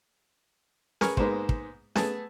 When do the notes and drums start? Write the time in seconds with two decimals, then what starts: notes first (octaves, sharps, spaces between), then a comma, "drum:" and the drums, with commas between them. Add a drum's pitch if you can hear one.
1.01 G#4 A#4 B4 G#5 C#6 F6, drum: snare C#4
1.17 G#2 G#3 A#3 B3 C5, drum: kick
1.49 drum: kick
1.95 A3 B3 G#4 G#5 A5, drum: snare C#4